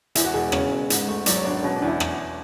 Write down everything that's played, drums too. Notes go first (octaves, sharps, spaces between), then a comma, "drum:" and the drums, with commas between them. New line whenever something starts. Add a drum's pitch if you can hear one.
E2 E4, drum: hi-hat
F#4
E1 G#4
C#3 C#5, drum: rim click
E1
G#2, drum: hi-hat
A3
F#3 D5, drum: hi-hat
C#5
G#1 D4
D4
B2 C#4
D4
E2
E4
drum: rim click